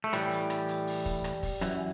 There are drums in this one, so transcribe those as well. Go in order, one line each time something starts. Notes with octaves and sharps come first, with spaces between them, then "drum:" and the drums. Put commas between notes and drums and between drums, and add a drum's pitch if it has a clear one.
A3
A2 E3 G3, drum: rim click
drum: hi-hat
drum: rim click
drum: hi-hat
drum: open hi-hat
drum: kick, hi-hat
drum: rim click
drum: kick, open hi-hat
F#2 E3, drum: rim click